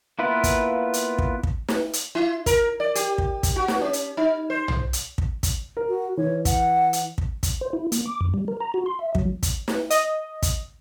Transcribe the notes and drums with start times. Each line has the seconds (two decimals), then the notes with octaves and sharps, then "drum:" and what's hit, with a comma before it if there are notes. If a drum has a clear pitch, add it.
0.19 A#3 B3 E4 F4 B4
0.44 drum: kick, hi-hat
0.94 drum: hi-hat
1.19 drum: kick
1.43 drum: kick
1.68 drum: snare
1.93 drum: hi-hat
2.15 E4
2.46 A#4, drum: kick, hi-hat
2.80 D5
2.95 G4, drum: hi-hat
3.18 drum: kick
3.43 drum: kick, hi-hat
3.56 F#4
3.68 drum: snare
3.81 C#4
3.93 drum: hi-hat
4.17 D#4
4.50 C5
4.68 drum: tom
4.93 drum: hi-hat
5.18 drum: kick
5.43 drum: kick, hi-hat
5.77 A#4
5.89 F#4
6.17 E3 C#5
6.45 F#5, drum: kick, hi-hat
6.93 drum: hi-hat
7.18 drum: kick
7.43 drum: kick, hi-hat
7.61 C5
7.73 E4
7.92 A#3, drum: hi-hat
8.06 D6
8.21 F#2
8.34 G3
8.48 A#4
8.60 A#5
8.74 F#4
8.86 C6
8.99 E5
9.15 F#3, drum: kick
9.43 drum: kick, hi-hat
9.68 drum: snare
9.90 D#5, drum: hi-hat
10.43 drum: kick, hi-hat